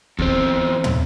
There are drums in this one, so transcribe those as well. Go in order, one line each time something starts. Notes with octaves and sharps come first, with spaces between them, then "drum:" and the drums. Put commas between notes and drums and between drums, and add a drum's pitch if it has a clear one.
E2 C4, drum: kick
drum: tom